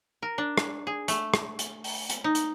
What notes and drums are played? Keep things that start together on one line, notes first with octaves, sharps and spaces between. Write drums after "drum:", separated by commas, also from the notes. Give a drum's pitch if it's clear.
A#4
D4
drum: rim click
G#4
A3, drum: hi-hat
drum: rim click
drum: hi-hat
drum: open hi-hat
drum: hi-hat
D#4
drum: hi-hat